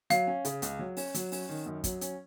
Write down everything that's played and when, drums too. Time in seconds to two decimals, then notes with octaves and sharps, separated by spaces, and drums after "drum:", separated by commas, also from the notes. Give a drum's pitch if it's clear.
0.10 F#3 F5, drum: hi-hat
0.27 C#4
0.45 C#3, drum: hi-hat
0.62 C#2, drum: hi-hat
0.79 F#3
0.97 C#4, drum: open hi-hat
1.14 F#3, drum: hi-hat
1.32 C#4, drum: open hi-hat
1.49 D#3
1.66 F#2
1.84 F#3, drum: kick, hi-hat
2.01 C#4, drum: hi-hat